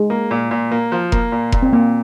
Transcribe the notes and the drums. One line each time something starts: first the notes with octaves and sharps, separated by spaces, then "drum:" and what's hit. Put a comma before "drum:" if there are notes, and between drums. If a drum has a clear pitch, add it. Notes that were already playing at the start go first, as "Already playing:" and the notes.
Already playing: G#3
A#3
A#2
A#2
A#3
F3
A#3, drum: kick F1
A#2
A#2, drum: kick F1
C4
A#2 A#3